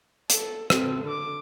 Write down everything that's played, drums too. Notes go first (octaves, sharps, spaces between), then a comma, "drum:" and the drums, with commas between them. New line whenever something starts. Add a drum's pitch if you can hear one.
A4, drum: hi-hat
C4 A4, drum: rim click
D3 D6